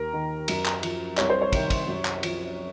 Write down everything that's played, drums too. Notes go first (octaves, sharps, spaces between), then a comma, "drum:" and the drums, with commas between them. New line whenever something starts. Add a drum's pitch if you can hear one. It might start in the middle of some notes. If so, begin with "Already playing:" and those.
Already playing: D#2 A#4
D#3
F#2, drum: cymbal
drum: clap
F3, drum: cymbal
C2 C#5, drum: clap
C5
C#5
C3 D#3, drum: kick, cymbal
drum: kick, cymbal
F#2
drum: clap
F3, drum: cymbal